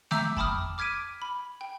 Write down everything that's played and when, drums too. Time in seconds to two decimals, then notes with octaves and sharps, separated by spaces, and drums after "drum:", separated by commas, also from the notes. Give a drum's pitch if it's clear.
0.11 E5 A#5 D6 E6 G6, drum: snare A3
0.37 G5 A5 B5 D6 D#6 F6, drum: kick F2
0.78 D6 F6 G#6 B6 D7 D#7
1.22 B5
1.61 G5